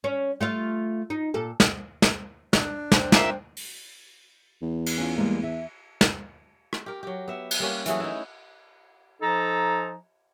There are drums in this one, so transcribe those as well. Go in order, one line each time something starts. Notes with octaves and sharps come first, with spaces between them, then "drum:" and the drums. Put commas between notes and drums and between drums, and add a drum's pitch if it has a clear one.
C#4
A3 F4 F5
D#4
A#2 A4
drum: snare
drum: snare
D4, drum: snare
C4, drum: snare
A#3 F4 E5, drum: snare
drum: open hi-hat
E2
drum: cymbal
C#4 F4
G3 G#3 A#3
E5
drum: snare
drum: rim click
G4 A#4
F#3 G4
B3 E5
drum: cymbal
G3 A#3 C#4
E3 F#3 A3 G#4, drum: hi-hat
D#4 E4
F3 D#4 A4 G#5 A#5